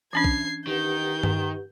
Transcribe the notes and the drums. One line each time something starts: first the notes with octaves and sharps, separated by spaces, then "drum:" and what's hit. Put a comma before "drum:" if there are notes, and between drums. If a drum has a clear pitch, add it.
E3 C#4 D4 G#6 C7
drum: kick
D#3 G4 B4 F#5 G6
drum: tom G2